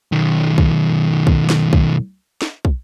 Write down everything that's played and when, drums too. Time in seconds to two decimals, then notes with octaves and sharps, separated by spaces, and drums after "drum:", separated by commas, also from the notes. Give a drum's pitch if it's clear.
0.12 B1 D#3
0.58 drum: kick
1.27 drum: kick
1.50 drum: snare
1.73 drum: kick
2.42 drum: snare
2.65 drum: kick